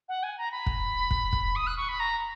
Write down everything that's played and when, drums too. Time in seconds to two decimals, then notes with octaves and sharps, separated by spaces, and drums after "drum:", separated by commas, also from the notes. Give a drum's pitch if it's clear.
0.08 F#5
0.23 G#5
0.37 A#5
0.51 B5
0.66 drum: kick
1.11 drum: kick
1.33 drum: kick
1.55 D#6
1.66 F#6
1.77 C#6
1.88 B5
1.99 A#5